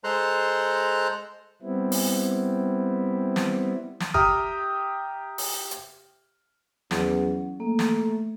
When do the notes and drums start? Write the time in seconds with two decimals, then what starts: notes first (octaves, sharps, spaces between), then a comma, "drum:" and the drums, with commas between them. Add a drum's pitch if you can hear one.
0.04 G#3 A4 C5 A#5 C6 F#6
1.62 G3 B3 C4 E4
1.92 drum: open hi-hat
3.36 drum: snare
4.00 drum: snare
4.14 G4 E5 G5 A#5 D#6 F6, drum: kick
5.38 drum: open hi-hat
5.71 drum: hi-hat
6.91 E2 F#3 C#4, drum: snare
7.60 A3 A#3
7.79 drum: snare